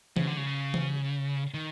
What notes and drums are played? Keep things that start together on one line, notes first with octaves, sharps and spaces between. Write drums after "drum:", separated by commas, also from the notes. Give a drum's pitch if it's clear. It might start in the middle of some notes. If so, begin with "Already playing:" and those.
C#3, drum: tom
D3
C#3
drum: tom
D#3